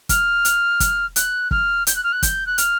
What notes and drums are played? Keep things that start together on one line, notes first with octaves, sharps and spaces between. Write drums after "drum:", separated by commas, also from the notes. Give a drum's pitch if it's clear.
F6, drum: kick, hi-hat
drum: hi-hat
drum: kick, hi-hat
F#6, drum: hi-hat
F6, drum: kick
G6, drum: hi-hat
F#6
F6
F#6
G6, drum: kick, hi-hat
F#6
F6, drum: hi-hat